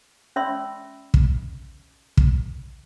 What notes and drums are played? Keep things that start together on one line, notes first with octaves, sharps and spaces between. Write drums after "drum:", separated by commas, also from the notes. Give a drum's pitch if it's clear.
C#4 D5 E5 B5 C6 E6
drum: kick
drum: kick